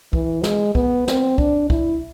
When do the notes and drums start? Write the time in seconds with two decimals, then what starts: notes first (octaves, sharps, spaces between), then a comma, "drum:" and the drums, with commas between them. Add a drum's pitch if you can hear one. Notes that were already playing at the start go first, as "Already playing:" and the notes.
0.13 E3, drum: kick
0.43 G#3, drum: snare
0.75 B3, drum: kick
1.08 C4, drum: snare
1.38 D4, drum: kick
1.70 E4, drum: kick